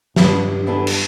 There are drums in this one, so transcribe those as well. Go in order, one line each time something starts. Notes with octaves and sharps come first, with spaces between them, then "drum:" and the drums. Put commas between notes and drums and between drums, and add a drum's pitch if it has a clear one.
G2 G3 B3 D4, drum: snare
E3 B3 D4 A4
drum: cymbal